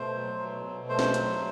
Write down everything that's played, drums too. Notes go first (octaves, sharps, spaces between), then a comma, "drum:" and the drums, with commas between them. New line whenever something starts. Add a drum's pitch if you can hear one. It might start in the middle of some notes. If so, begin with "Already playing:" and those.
Already playing: B2 A3 C5
F#3
B2
B2
A3 C5
drum: snare
F#3, drum: hi-hat